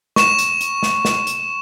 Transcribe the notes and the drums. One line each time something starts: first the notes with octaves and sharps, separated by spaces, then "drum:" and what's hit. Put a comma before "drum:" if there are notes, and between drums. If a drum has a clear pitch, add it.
C#6 E7, drum: snare
drum: hi-hat
drum: hi-hat
drum: snare
drum: snare
drum: hi-hat